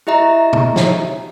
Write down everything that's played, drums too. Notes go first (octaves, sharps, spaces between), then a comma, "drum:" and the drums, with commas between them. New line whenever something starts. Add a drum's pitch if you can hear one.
E4 G4 D#5 E5 A#5
drum: tom B2
drum: snare